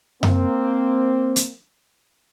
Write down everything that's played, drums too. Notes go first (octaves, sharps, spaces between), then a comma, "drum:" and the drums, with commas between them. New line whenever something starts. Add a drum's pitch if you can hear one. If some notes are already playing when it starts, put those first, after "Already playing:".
A#3 C4, drum: tom F#2
drum: hi-hat